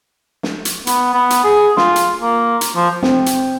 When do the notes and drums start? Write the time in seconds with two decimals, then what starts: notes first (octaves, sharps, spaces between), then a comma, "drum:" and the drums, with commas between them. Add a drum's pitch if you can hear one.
0.43 drum: snare
0.65 drum: hi-hat
0.87 B3, drum: hi-hat
1.14 B3
1.30 drum: hi-hat
1.44 G#4
1.77 F4, drum: snare
1.96 drum: hi-hat
2.22 A#3
2.61 drum: hi-hat
2.76 F3
3.03 C4, drum: snare
3.26 drum: hi-hat